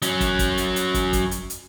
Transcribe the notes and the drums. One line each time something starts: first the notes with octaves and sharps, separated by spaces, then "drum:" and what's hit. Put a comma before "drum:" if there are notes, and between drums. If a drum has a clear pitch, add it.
F#3 C#4, drum: hi-hat
drum: kick, hi-hat
drum: kick, hi-hat
drum: hi-hat
drum: hi-hat
drum: kick, hi-hat
drum: kick, hi-hat
drum: hi-hat
drum: hi-hat